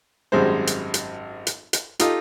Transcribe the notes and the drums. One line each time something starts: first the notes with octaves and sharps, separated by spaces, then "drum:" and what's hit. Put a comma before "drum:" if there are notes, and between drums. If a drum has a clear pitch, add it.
G#1 F#2 G3 G#3 C5
drum: hi-hat
drum: hi-hat
drum: hi-hat
drum: hi-hat
D#4 F4 G4 A4 D#5, drum: hi-hat